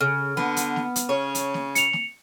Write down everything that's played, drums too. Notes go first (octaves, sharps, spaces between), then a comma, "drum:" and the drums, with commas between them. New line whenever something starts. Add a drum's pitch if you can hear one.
C#3 F6
D3 B3, drum: snare
drum: hi-hat
drum: snare
drum: hi-hat
C#3 C#5
drum: hi-hat
drum: snare
C#7 F7, drum: hi-hat
drum: snare